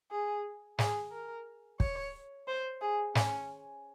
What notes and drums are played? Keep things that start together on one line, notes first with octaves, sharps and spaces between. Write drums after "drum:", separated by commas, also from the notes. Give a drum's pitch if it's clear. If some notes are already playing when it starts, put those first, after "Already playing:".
G#4
G#4, drum: snare
A#4
C#5, drum: kick
C5
G#4
C#4, drum: snare